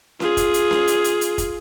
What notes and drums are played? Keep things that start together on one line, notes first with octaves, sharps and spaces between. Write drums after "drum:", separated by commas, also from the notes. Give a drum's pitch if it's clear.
F4 G#4, drum: snare C#4
drum: kick, hi-hat
drum: hi-hat
drum: snare C#4
drum: hi-hat
drum: hi-hat
drum: hi-hat
drum: kick, hi-hat